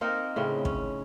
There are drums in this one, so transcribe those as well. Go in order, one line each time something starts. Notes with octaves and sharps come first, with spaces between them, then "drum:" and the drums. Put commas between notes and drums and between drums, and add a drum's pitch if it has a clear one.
A#3 C4 D#4 A#4
A2 C#3 C4
C#4, drum: kick